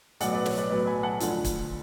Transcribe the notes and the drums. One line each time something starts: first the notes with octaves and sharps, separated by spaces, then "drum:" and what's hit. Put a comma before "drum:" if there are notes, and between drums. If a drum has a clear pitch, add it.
B1 A2 F#3 B3 D5 F#5, drum: hi-hat
B4 D5
C#5, drum: snare
B4 D5
B1 A2 F#3 B3 B4 D5
G#5 B5
F#5 A5
D2 D3 F3, drum: hi-hat
drum: kick, hi-hat